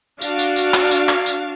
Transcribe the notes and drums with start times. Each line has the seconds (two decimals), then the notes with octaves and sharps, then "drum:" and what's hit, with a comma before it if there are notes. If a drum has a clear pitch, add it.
0.21 D4 F#4 F5, drum: tambourine
0.39 drum: tambourine
0.56 drum: tambourine
0.74 drum: clap
0.91 drum: tambourine
1.09 drum: clap
1.26 drum: tambourine